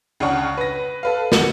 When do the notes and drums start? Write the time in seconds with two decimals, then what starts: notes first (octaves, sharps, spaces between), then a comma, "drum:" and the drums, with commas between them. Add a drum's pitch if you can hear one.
0.20 C#2 C#3 D4 F#5 C#6
0.57 B4 A#6
1.03 A4 B4 F5
1.32 F#4 C#7, drum: snare